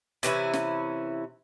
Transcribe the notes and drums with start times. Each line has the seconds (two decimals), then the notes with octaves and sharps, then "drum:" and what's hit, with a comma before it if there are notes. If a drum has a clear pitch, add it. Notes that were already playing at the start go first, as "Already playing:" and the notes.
0.23 C3 E3 C#4 E4, drum: hi-hat
0.54 drum: snare